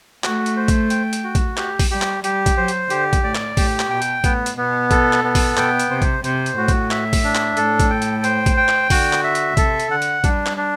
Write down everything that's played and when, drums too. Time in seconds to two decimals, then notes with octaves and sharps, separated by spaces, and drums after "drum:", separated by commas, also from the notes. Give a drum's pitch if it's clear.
0.24 A3 F#4, drum: clap
0.46 drum: hi-hat
0.57 C5
0.68 drum: kick, hi-hat
0.90 G5, drum: hi-hat
1.13 drum: hi-hat
1.24 F#4
1.35 drum: kick, hi-hat
1.57 G4, drum: clap
1.79 drum: kick, open hi-hat
1.91 G3 G4
2.02 drum: clap
2.24 G3 G4, drum: hi-hat
2.46 drum: kick, hi-hat
2.57 F#3 C5
2.68 drum: hi-hat
2.90 D3 G4, drum: hi-hat
3.13 drum: kick, hi-hat
3.24 A2 D5
3.35 drum: clap
3.57 A2 G4, drum: kick, open hi-hat
3.79 drum: clap
3.90 B2 G5
4.02 drum: hi-hat
4.24 A2 B3, drum: kick, hi-hat
4.46 drum: hi-hat
4.57 B2 B3
4.91 A4, drum: kick, hi-hat
5.13 drum: clap
5.24 B3
5.35 drum: kick, open hi-hat
5.57 B2 G5, drum: clap
5.79 drum: hi-hat
5.91 C3 C5
6.02 drum: kick, hi-hat
6.24 C3 C5, drum: hi-hat
6.46 drum: hi-hat
6.57 A2 F#4
6.68 drum: kick, hi-hat
6.91 E5, drum: clap
7.13 drum: kick, open hi-hat
7.24 D4
7.35 drum: clap
7.57 A2 A4, drum: hi-hat
7.80 drum: kick, hi-hat
7.90 G5
8.02 drum: hi-hat
8.24 C5, drum: hi-hat
8.46 drum: kick, hi-hat
8.57 G5
8.68 drum: clap
8.90 D3 F#4, drum: kick, open hi-hat
9.13 drum: clap
9.24 E5
9.35 drum: hi-hat
9.57 C3 A4, drum: kick, hi-hat
9.80 drum: hi-hat
9.91 D3 F#5
10.02 drum: hi-hat
10.24 G3 D4, drum: kick, hi-hat
10.46 drum: clap
10.57 D4